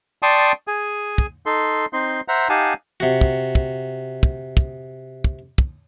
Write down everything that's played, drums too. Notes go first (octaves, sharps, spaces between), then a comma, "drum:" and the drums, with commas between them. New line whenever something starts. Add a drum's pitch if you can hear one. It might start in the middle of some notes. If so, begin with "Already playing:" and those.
D5 G5 A5 C6 C#6 D#6
G#4 G#5
drum: kick
D#4 A4 C6
C4 D#4 C6
C5 E5 F#5 A#5
D#4 G4 F5 F#5 G#5 A5
C3 F#4
drum: kick
drum: kick
drum: kick
drum: kick
drum: kick
drum: kick